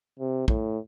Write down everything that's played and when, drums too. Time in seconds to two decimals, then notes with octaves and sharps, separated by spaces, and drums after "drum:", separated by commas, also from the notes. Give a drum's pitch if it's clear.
0.19 C3
0.48 A2, drum: kick